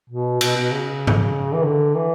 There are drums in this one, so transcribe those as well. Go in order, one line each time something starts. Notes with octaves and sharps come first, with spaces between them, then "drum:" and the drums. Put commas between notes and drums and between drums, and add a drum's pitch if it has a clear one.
B2
B2, drum: cymbal
B2
C#3
drum: tom G#2
E3
D3
E3